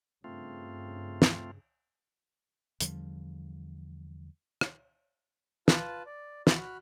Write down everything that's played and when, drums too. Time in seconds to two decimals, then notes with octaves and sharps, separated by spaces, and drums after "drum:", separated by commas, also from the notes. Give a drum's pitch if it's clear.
0.24 G2 C#3 A3 C4 F4
1.22 drum: snare
2.81 E2 D3 F3 G3, drum: hi-hat
4.61 drum: rim click
5.68 F4 B4 A5, drum: snare
6.06 D5
6.47 F#4 B5 F6 F#6, drum: snare